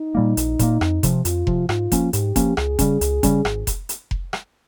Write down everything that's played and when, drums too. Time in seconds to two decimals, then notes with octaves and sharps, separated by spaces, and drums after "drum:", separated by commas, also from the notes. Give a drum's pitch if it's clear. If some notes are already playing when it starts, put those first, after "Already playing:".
Already playing: D#4
0.15 A#2 G3 A#3
0.37 A#1, drum: hi-hat
0.59 A#2 G3 A#3, drum: kick F1, hi-hat
0.81 F2, drum: rim click
1.03 C3 F3, drum: kick F1, hi-hat
1.25 F2 F4, drum: hi-hat
1.47 C3 F3, drum: kick F1
1.69 G#2 F4, drum: rim click
1.92 F3 A#3 C#4, drum: kick F1, hi-hat
2.13 G#2 G4, drum: hi-hat
2.36 F3 A#3 C#4, drum: kick F1, hi-hat
2.57 C#2 G#4, drum: rim click
2.79 C#3 G3 C#4, drum: kick F1, hi-hat
3.01 C#2, drum: hi-hat
3.23 C#3 G3 C#4, drum: kick F1, hi-hat
3.45 G#1, drum: rim click
3.67 drum: kick F1, hi-hat
3.89 drum: hi-hat
4.11 drum: kick F1
4.33 drum: rim click